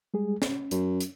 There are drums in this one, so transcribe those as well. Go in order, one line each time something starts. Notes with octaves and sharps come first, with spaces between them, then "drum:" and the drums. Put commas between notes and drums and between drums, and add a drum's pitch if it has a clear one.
G3 G#3 G#4
C#4, drum: snare
F#2, drum: hi-hat
drum: hi-hat